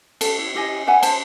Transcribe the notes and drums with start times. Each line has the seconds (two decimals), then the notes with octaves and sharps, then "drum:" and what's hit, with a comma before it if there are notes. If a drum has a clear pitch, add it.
0.21 A4, drum: cymbal
0.38 E4
0.55 E4 G4 D#5 G#5
0.87 B4 E5 F#5 G#5
1.03 C5 A5, drum: cymbal